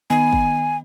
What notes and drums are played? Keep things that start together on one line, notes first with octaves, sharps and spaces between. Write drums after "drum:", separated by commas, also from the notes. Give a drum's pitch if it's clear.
D#3 B3 G#5
drum: kick